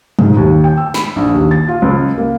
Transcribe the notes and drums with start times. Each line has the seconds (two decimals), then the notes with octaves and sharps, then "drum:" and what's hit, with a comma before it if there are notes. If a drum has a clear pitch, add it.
0.19 G#2, drum: tom A#2
0.37 D#2
0.64 G5
0.77 E6
0.94 B5, drum: snare
1.16 A#1
1.34 D#2
1.51 A6
1.68 F4
1.82 C#2
2.18 A#3